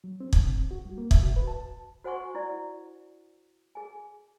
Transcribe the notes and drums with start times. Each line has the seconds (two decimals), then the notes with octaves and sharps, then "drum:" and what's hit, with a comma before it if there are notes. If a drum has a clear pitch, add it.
0.04 F#3
0.20 C4
0.33 D3, drum: kick
0.47 C4
0.71 F#4
0.85 G3
0.98 A#3
1.11 E5, drum: kick
1.23 F#4
1.36 B4
1.48 A5
2.04 F#4 C5 F#5 G#5 C6 C#6
2.35 E4 D5
3.75 G#4 G#5